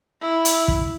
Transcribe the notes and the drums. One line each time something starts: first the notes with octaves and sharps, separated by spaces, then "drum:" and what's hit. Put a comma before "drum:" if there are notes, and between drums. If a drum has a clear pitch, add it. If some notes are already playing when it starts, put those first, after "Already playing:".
E4
drum: hi-hat
drum: kick